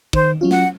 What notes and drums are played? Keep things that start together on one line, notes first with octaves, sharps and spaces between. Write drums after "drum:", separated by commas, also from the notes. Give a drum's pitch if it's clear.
D#3 C5, drum: kick
F#3 C#4 F4
F#5, drum: snare